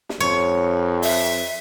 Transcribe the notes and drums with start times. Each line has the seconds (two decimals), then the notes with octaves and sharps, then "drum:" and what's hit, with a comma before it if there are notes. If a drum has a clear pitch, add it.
0.09 drum: snare
0.20 F2 C#5
1.03 E5, drum: open hi-hat